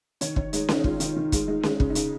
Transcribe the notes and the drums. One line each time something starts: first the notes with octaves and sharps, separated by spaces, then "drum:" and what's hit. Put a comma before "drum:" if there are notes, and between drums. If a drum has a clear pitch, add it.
D#3 C#5, drum: hi-hat
D#3 C#5, drum: kick
G#3 D#4, drum: hi-hat
D#3 D#4, drum: snare C#4
G#3 F4, drum: kick
D#3, drum: hi-hat
D#3
G#3, drum: kick, hi-hat
G#3 D#4
G#3, drum: snare C#4
C#3, drum: kick
D#4
C#3, drum: hi-hat